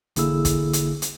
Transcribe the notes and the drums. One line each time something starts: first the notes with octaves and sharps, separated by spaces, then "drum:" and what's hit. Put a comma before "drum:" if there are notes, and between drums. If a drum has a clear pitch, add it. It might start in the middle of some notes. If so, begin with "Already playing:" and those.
A1 D3 A#3 E4 G#4 E6, drum: hi-hat
drum: kick, hi-hat
drum: hi-hat
drum: hi-hat